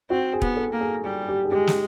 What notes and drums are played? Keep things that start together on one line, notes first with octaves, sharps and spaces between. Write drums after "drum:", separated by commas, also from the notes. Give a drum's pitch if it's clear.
C4 F#4
G#4
B3, drum: kick
A4
A#3
G#4
G3 G4
G4
G#4
G#3 G4
drum: snare